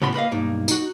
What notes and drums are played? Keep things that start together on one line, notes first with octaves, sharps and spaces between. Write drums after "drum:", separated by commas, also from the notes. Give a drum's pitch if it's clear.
A2 C#3 B3 B5 C6
A#3 B4 D#5 F5
B1 G2 A#3 D#4
D#4 F#4, drum: tambourine